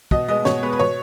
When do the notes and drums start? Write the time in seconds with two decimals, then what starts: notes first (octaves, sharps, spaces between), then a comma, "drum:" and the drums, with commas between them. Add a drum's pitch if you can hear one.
0.11 B2 D#5, drum: kick
0.28 G#3 B3 D#5
0.45 B2 C#5, drum: snare
0.62 G#3 B3 B4
0.73 B4
0.79 B2 C#5